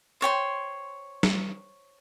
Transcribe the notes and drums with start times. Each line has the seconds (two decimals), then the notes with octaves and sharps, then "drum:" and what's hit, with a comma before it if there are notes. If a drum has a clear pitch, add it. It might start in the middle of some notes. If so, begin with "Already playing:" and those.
0.21 C5 C#5 G5 C6
1.23 drum: snare